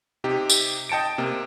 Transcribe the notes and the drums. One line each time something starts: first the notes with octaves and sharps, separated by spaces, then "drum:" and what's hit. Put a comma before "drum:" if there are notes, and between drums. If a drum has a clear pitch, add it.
C3 D#4 G4
drum: tambourine
D#5 G5 A5 C#7 D7
C3 A#3